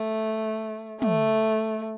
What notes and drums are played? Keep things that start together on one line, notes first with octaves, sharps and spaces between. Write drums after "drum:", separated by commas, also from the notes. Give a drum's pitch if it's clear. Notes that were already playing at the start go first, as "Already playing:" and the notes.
Already playing: A3
A3, drum: tom